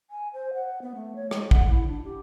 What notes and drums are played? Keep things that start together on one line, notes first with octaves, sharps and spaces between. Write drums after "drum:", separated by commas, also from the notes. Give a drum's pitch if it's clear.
G#5
C5
F#5
B3
A3
C#5
G#3, drum: rim click
F#5, drum: kick
E4
D4
G4